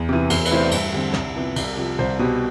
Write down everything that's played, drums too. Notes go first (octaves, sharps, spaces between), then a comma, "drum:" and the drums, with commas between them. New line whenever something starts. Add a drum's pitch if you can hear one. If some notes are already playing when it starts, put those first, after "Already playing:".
Already playing: E2
C3 E3
E2, drum: cymbal
B4, drum: cymbal
C3 E3 A3 E4 C5
D5
G2 E5, drum: cymbal
D3 G3 C4
C2, drum: snare
C3 F3 B3 E4
C2, drum: cymbal
C3 F3
C2 C5
B2 G3